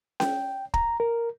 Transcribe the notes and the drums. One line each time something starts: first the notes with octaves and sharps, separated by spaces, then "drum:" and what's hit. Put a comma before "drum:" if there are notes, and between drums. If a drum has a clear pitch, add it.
G5, drum: snare C#4
A#5, drum: kick
A#4